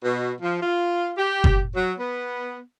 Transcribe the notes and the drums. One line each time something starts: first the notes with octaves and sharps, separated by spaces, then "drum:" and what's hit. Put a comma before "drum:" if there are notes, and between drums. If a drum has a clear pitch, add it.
B2
F3
F4
G4
drum: kick F#1
F#3
B3